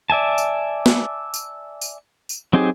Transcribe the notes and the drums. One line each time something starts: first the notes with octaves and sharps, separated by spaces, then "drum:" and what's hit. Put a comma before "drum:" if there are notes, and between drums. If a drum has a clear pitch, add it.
D5 E5 G#5 A5
drum: tambourine
drum: snare
drum: tambourine
drum: tambourine
drum: tambourine
F#3 C4 D#4 G4 G#4